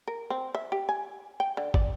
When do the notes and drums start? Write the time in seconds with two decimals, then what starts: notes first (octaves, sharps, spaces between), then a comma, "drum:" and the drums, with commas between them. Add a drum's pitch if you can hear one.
0.08 A#4
0.30 C4
0.55 E5
0.72 G4
0.89 G#5
1.40 G5
1.57 D3
1.74 D5, drum: kick